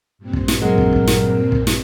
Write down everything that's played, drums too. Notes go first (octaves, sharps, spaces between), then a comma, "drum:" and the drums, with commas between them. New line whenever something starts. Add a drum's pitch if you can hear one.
G2 A#2 C4
drum: kick
drum: snare
F#3 G#3 A#4
drum: kick
drum: kick
drum: snare
drum: kick
drum: snare